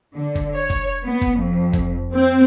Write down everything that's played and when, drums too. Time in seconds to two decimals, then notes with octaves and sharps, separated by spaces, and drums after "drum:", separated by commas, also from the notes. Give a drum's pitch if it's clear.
0.14 D3
0.35 drum: kick
0.56 C#5
0.70 drum: kick
1.04 B3
1.21 drum: kick
1.39 F2
1.73 drum: kick
2.15 C4